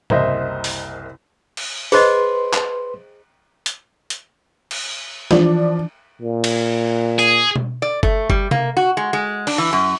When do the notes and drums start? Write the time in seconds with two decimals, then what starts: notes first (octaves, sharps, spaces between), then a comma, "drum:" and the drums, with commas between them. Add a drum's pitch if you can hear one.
0.10 F#1 C2 C5 D#5 E5, drum: tom G#2
0.64 drum: open hi-hat
1.57 drum: cymbal
1.92 G#4 B4 C5 D#5 C6, drum: open hi-hat
2.53 drum: clap
3.66 drum: hi-hat
4.10 drum: hi-hat
4.71 drum: cymbal
5.31 E3 F3 D4, drum: snare
6.22 A#2
6.44 drum: cymbal
7.19 G#4, drum: tambourine
7.56 drum: tom B2
7.82 D5
8.03 A3, drum: kick G1
8.30 G3, drum: kick G1
8.51 A#3, drum: tom C3
8.77 F#4
8.97 G#3
9.13 G#3
9.47 D4, drum: cymbal
9.58 E3
9.73 F#2